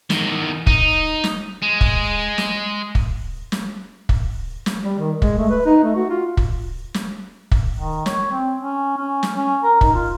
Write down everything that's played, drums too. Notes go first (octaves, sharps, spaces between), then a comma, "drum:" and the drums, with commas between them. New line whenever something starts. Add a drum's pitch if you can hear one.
E2 D#3, drum: snare
D#4, drum: kick
drum: snare
G#3
drum: kick
drum: snare
drum: kick
drum: snare
drum: kick
drum: snare
G3
D#3
G#3, drum: kick
A3
B4
D#4
A3
F#4
F4
drum: kick
drum: snare
drum: kick
D#3
C#5, drum: snare
C4
C#4
C#4
drum: snare
C#4
A#4
D#4, drum: kick
F4